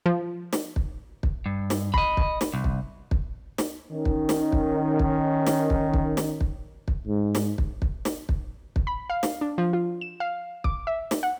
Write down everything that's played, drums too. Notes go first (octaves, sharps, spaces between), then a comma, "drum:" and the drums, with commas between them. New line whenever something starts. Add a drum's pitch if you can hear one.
F3
drum: snare
drum: kick
drum: kick
G2
drum: snare
D#5 B5, drum: kick
drum: kick
drum: snare
C2
drum: kick
drum: kick
drum: snare
D#3 C#4
drum: kick
drum: snare
drum: kick
drum: kick
drum: snare
drum: kick
drum: kick
drum: snare
drum: kick
drum: kick
G#2
drum: snare
drum: kick
drum: kick
drum: snare
drum: kick
drum: kick
B5
F5
drum: snare
D4
F3
F4
E7
F5
D6, drum: kick
E5
drum: snare
F#5